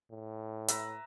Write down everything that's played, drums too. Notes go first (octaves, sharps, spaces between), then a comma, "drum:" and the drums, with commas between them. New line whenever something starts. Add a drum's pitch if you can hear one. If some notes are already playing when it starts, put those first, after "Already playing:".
A2
B4 E5 A#5, drum: hi-hat